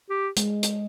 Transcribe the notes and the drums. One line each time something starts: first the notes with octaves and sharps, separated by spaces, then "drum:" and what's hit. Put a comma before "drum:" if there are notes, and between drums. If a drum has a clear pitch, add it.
G4
G#3, drum: hi-hat
drum: hi-hat